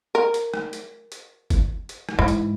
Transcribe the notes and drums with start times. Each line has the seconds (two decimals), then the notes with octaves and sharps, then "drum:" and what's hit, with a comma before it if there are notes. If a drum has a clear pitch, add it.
0.15 A#4
0.34 drum: hi-hat
0.54 drum: rim click
0.73 drum: hi-hat
1.12 drum: hi-hat
1.50 drum: kick G1, hi-hat
1.89 drum: hi-hat
2.09 drum: rim click
2.19 G#2 E3
2.28 drum: hi-hat